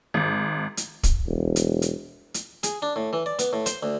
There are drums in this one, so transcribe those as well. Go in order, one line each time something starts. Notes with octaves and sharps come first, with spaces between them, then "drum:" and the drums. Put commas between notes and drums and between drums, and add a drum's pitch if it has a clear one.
G#1
drum: hi-hat
drum: kick, hi-hat
E1
drum: hi-hat
drum: hi-hat
drum: hi-hat
G#4, drum: hi-hat
D4
A2
E3
D5
B3, drum: hi-hat
A2
C5, drum: hi-hat
D2